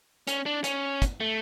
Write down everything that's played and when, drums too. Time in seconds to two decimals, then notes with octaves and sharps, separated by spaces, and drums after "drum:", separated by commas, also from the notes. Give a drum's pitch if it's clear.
0.27 C#4, drum: hi-hat
0.46 D4
0.64 C#4, drum: hi-hat
1.02 drum: kick, hi-hat
1.20 A3